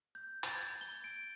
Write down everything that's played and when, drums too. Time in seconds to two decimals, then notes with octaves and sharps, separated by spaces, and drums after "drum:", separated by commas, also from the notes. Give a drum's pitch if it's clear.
0.15 G6
0.43 A6, drum: hi-hat
0.56 G#6
0.81 G7
1.04 D7